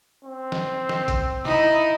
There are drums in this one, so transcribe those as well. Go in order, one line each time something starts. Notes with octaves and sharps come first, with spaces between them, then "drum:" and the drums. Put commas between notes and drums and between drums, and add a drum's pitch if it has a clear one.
C4
drum: snare
drum: snare
drum: kick A1, hi-hat
D#4 E4, drum: tom